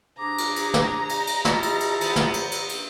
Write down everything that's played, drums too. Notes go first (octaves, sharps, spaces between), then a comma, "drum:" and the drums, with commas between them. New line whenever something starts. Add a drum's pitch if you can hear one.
C3 D4 G#4 A#5 D6
drum: cymbal
drum: cymbal
drum: snare
drum: cymbal
drum: cymbal
B2 E4 F4 A4 A5, drum: snare
drum: cymbal
drum: cymbal
B3 C5, drum: cymbal
drum: snare
drum: cymbal
drum: cymbal
drum: cymbal